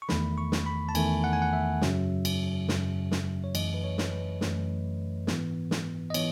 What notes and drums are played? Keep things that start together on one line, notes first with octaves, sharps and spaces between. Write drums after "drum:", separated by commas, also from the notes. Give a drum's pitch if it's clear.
C#6
E2 D#3 A3 B5, drum: snare
C#6
drum: snare
B5
A5
E2 D#3 A3 G#5, drum: cymbal
F#5
G#5
F#5
E5
F#2 C#3 F#3, drum: snare
drum: cymbal
F#2 C#3 F#3, drum: snare
drum: snare
C#5
F#2 E3 A3 D#5, drum: cymbal
B4
C#5
drum: snare
B4
F#2 E3 A3, drum: snare
G#2 E3 B3, drum: snare
drum: snare
D#5
E3 B3 C#5, drum: cymbal